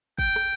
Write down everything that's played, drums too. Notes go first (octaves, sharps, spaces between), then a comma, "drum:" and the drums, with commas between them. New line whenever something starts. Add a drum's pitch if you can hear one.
G5, drum: kick
drum: rim click